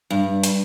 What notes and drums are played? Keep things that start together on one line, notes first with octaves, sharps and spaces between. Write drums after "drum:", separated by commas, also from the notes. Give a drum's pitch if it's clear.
G2
drum: hi-hat